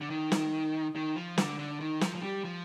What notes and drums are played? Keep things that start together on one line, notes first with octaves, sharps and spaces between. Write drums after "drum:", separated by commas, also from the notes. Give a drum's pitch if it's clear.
D3
D#3
drum: snare
D#3
F3
D3, drum: snare
D3
D#3
F3, drum: snare
F3
G3
F3